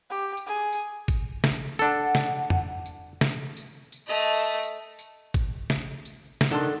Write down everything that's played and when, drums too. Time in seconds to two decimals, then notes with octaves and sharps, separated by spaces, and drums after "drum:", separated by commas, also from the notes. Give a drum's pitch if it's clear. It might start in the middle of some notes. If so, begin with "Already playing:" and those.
0.10 G4
0.37 drum: tambourine
0.47 G#4
0.73 drum: tambourine
1.08 drum: kick, tambourine
1.44 drum: snare
1.79 D4 A4 F#5, drum: tambourine
2.15 drum: snare
2.50 drum: tom F2
2.86 drum: tambourine
3.21 drum: snare
3.57 drum: tambourine
3.92 drum: tambourine
4.07 A3 D#5
4.28 drum: tambourine
4.63 drum: tambourine
4.99 drum: tambourine
5.34 drum: kick, tambourine
5.70 drum: snare
6.05 drum: tambourine
6.41 drum: snare
6.51 D#3 D4 A4 F#5 A5 C6 F#6